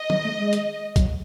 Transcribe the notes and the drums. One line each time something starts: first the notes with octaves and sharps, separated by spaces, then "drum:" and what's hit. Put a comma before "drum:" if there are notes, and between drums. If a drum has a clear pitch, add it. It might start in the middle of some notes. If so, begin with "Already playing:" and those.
Already playing: D#5
F#3, drum: tom D#3
A3
G#3
drum: hi-hat
F#3, drum: kick, hi-hat